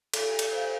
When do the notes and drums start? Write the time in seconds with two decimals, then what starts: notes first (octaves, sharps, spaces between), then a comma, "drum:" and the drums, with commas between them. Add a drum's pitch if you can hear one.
0.14 A4, drum: cymbal
0.39 drum: cymbal
0.51 C5 F5